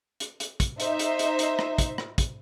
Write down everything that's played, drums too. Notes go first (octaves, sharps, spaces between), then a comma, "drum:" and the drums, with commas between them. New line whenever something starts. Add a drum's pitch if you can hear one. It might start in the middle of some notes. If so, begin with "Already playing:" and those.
drum: hi-hat
drum: hi-hat
drum: kick, hi-hat
D#4 C5 E5, drum: hi-hat
drum: hi-hat
drum: hi-hat
drum: hi-hat
drum: rim click
drum: kick, hi-hat
drum: rim click
drum: kick, hi-hat